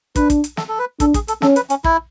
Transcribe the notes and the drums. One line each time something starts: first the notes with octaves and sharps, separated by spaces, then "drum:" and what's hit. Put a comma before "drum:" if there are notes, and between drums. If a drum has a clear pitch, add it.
D4 B4, drum: kick, hi-hat
drum: kick, hi-hat
drum: hi-hat
A4, drum: snare
A4
B4
D4 A4, drum: kick, hi-hat
G#4, drum: kick, hi-hat
A4, drum: hi-hat
C#4 A4, drum: snare
B4, drum: hi-hat
C#4, drum: hi-hat
E4, drum: kick